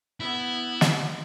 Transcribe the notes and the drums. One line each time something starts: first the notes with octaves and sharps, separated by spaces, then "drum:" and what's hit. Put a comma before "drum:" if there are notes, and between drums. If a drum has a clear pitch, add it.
B3 E4
drum: snare